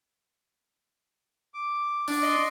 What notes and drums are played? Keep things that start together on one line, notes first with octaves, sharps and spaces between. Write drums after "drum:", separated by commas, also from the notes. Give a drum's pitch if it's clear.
D6
D4, drum: open hi-hat
D5 D#5 C6